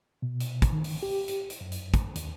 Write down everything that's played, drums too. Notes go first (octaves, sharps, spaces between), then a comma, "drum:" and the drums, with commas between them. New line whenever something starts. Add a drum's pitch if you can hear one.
B2
drum: hi-hat
drum: kick, hi-hat
D#3
drum: open hi-hat
G4
drum: hi-hat
drum: hi-hat
F#2
drum: hi-hat
drum: kick, hi-hat
D#2, drum: hi-hat